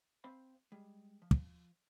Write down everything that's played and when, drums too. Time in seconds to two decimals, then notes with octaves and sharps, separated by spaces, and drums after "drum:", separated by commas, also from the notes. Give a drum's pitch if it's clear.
0.24 C4 C5 F5 B5
0.72 G3 G#3
1.22 F3
1.31 drum: kick